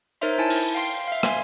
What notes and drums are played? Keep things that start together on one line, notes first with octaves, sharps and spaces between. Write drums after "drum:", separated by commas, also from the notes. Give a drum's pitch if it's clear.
D#4 A#4 C5 C#5 E5 C6
E4 G#5 A5 C#7
drum: open hi-hat
F5 G5 C6 C7
E5 F5
G#5 C6, drum: rim click